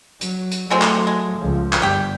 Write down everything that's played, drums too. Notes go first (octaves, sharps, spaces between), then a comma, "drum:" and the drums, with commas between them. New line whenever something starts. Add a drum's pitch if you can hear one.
F#3, drum: hi-hat
drum: hi-hat
D#3 F#3 G#3 A3 C4
drum: clap
G#3
C#2 F3
drum: clap
G1 G2 G4 G5